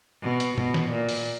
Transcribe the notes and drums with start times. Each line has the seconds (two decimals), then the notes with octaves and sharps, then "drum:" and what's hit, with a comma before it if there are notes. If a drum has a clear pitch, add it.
0.22 B2
0.40 drum: hi-hat
0.58 B2, drum: tom A2
0.74 drum: snare
0.91 A#2
1.09 drum: open hi-hat